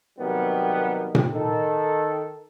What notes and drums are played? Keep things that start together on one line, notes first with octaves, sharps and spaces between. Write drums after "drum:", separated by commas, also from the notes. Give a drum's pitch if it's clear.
C3 D#3 F#3 G3 A#3 B3
drum: tom A#2
D#3 A4